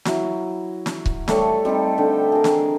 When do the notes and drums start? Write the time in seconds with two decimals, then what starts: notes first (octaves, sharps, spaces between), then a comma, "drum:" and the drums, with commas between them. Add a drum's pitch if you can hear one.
0.05 F#3 E4, drum: snare
0.86 drum: snare
1.06 drum: kick C#1
1.28 G3 A3 A4 C#5, drum: snare
1.65 G3 C4 D#4 A4
1.98 D3 G5
2.32 G#4 A#4
2.44 drum: snare